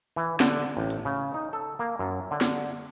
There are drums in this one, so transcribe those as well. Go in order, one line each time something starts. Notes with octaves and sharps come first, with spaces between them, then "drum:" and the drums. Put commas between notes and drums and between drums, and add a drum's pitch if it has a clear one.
E3
D3, drum: snare
A1
drum: hi-hat
C#3
D#4
A4
A#3
F#2
D3
drum: snare